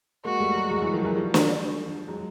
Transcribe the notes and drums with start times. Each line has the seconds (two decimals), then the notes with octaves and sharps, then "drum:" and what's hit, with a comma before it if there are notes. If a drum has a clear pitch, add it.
0.25 G#3 A#3 F#4
0.40 G3 A3
0.56 F#3 G#3
0.71 F#3 G#3
0.81 E3 F#3
0.93 D#3 F3
1.05 E3 F#3
1.16 F3 G3
1.34 drum: snare
2.07 F#3 G#3